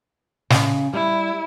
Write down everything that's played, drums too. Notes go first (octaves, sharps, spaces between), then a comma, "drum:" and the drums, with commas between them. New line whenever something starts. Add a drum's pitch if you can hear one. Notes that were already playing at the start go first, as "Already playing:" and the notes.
C#3, drum: snare
G3 E4